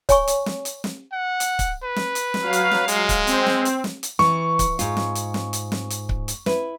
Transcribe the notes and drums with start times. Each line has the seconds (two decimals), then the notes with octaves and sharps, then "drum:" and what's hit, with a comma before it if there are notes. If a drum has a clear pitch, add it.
0.09 C#5 G#5 C#6, drum: kick C#1, hi-hat
0.28 drum: hi-hat
0.46 drum: snare
0.65 drum: hi-hat
0.84 drum: snare
1.13 F#5
1.40 drum: hi-hat
1.59 drum: kick C#1, hi-hat
1.83 B4
1.96 drum: snare
2.15 drum: hi-hat
2.34 drum: snare
2.44 F#3 F5
2.53 drum: hi-hat
2.71 drum: snare
2.88 G#3, drum: hi-hat
3.09 drum: kick C#1, hi-hat
3.27 C4, drum: hi-hat
3.46 drum: snare
3.65 drum: hi-hat
3.84 drum: snare
4.03 drum: hi-hat
4.19 E3 C#6, drum: snare
4.59 drum: kick C#1, hi-hat
4.79 G#2 F4, drum: hi-hat
4.97 drum: snare
5.15 drum: hi-hat
5.34 drum: snare
5.53 drum: hi-hat
5.72 drum: snare
5.90 drum: hi-hat
6.09 drum: kick C#1
6.28 drum: hi-hat
6.46 E4 B4, drum: snare